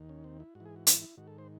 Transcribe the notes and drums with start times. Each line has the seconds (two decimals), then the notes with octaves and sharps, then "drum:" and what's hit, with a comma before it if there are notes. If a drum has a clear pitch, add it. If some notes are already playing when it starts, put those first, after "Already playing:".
Already playing: D#2 D#3
0.09 C#4
0.24 C4
0.40 E4
0.55 G#2 F#4
0.60 E3
0.65 G#4
0.76 F#4
0.87 E4, drum: hi-hat
1.01 E4
1.17 G#2 D#3 F#4
1.27 A4
1.38 C5